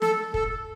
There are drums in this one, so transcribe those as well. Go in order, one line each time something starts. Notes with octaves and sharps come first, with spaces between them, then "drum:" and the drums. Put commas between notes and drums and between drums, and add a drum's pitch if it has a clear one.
A4, drum: snare
A4, drum: kick